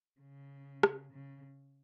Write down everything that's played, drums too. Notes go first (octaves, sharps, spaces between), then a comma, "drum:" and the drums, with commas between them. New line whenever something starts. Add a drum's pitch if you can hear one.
C#3
drum: rim click
C#3